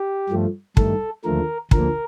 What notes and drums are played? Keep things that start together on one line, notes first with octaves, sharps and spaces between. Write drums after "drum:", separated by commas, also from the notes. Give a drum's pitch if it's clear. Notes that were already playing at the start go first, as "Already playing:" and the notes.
Already playing: G4
G2 F3 A3
G2 D#3 A3 A4, drum: kick
D#2 D3 F3 A3 A#4
D2 D3 F3 A#3 A#4, drum: kick